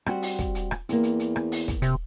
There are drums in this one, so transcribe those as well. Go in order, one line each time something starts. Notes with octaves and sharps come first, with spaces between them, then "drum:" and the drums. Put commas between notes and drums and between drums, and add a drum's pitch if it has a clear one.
G3 C4 F#4, drum: rim click
drum: open hi-hat
drum: kick, hi-hat
drum: hi-hat
drum: rim click
E2 A#3 C4, drum: hi-hat
drum: hi-hat
drum: hi-hat
drum: rim click
drum: open hi-hat
drum: kick, hi-hat
C3, drum: hi-hat